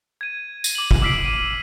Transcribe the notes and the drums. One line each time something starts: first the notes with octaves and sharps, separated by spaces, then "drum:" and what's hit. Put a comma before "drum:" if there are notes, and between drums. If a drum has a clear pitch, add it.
G#6 D#7
drum: tambourine
D6 F#7
drum: kick
D6 E6 F6 B6 C7 D7
D#7